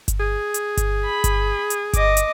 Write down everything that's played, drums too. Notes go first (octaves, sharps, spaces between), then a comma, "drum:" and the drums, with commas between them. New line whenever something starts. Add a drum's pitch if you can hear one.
drum: kick G1, hi-hat
G#4
drum: hi-hat
drum: kick G1, hi-hat
B5
drum: kick G1, hi-hat
drum: hi-hat
D#5 D6, drum: kick G1, hi-hat
drum: hi-hat